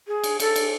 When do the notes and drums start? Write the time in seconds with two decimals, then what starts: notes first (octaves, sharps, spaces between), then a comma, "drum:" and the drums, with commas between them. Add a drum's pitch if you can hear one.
0.07 G#4
0.24 drum: cymbal
0.40 A4, drum: cymbal
0.56 drum: cymbal